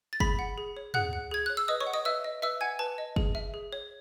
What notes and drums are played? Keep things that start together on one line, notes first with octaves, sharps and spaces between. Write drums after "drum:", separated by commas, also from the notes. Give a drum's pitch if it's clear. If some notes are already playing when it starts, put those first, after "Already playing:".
A6
G#4 B5 B6, drum: kick
F#5
G#4
C#5
G#4 F#5 F#6, drum: tom
F#5
G#4 G#6
C#5 F#6
E6
B4 D#5 D#6
C#5 C#6
F#5
D#5 D#6
B4 E5 E6
D#5
B4 E5 E6
F#5 G#5 G#6
B4 A5
D#5
G#4, drum: kick
E5
G#4
C#5